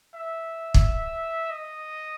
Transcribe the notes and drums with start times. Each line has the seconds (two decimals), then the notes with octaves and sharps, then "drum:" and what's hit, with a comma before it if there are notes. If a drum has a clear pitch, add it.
0.14 E5
0.74 drum: kick
1.50 D#5